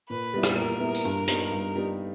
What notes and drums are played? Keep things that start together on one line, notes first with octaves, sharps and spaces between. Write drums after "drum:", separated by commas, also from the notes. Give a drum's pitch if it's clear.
A#2 B4
G3 B3 E4
drum: rim click
A#2 A#4
G3 B3 E4
drum: tambourine
G2
G3 B3 D#4, drum: hi-hat
G2
G3 B3 D#4